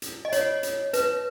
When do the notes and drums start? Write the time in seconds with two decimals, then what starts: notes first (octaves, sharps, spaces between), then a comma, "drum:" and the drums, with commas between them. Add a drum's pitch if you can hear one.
0.02 drum: hi-hat
0.25 D#5
0.32 C#5, drum: hi-hat
0.63 drum: hi-hat
0.93 B4, drum: hi-hat